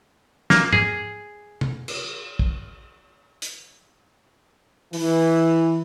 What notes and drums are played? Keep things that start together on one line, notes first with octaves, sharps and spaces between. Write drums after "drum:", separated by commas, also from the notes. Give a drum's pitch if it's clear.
A#3, drum: snare
G#4, drum: tom G#2
drum: tom C3
drum: cymbal
drum: kick
drum: hi-hat
E3, drum: open hi-hat